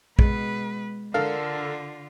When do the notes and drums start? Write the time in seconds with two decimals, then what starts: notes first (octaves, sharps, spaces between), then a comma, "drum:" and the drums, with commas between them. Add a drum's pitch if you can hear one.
0.19 B2 G#3 B4, drum: kick
1.14 D3 D4 F4 A4 A#4 F5